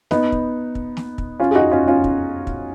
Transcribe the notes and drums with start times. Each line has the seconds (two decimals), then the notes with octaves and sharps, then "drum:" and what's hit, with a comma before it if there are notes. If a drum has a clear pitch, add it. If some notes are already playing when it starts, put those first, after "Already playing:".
0.11 B3 D#4, drum: snare
0.32 drum: kick
0.75 drum: kick
0.97 drum: snare
1.18 drum: kick
1.40 C#4 F4
1.51 G#4
1.55 D#4 F#4
1.71 C#4 F4
1.88 C#4 F4
2.04 drum: kick
2.47 drum: kick